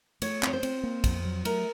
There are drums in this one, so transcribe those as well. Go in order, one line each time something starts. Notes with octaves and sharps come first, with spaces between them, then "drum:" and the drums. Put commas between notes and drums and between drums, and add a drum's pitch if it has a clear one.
A3 C#5, drum: cymbal
C4 C#5, drum: clap
C5
C4, drum: cymbal
A#3
F2, drum: kick, cymbal
F#3
A3 A#4, drum: cymbal